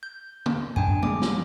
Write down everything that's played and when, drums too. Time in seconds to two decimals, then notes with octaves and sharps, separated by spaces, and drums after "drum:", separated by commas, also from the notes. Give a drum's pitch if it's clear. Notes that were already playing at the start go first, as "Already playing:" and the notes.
0.03 G6
0.46 drum: tom
0.76 F#2 A2 D4 G5 G#5
1.03 F3 G3 G#3 G#4 D6, drum: tom
1.22 drum: snare